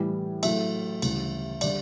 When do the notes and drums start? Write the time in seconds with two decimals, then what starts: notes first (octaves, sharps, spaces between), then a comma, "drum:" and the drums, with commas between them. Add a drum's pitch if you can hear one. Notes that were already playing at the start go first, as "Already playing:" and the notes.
Already playing: A2 E3 G3
0.43 A2 F#3 A3 E5, drum: cymbal
1.02 D2 C#3 E3 G3, drum: cymbal
1.61 D3 G3 D5, drum: cymbal